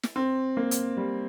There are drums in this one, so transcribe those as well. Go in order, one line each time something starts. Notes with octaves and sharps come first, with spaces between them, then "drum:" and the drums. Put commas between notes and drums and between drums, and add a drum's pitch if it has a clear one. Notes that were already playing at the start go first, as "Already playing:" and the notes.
drum: snare
C4
A#3
drum: hi-hat
G3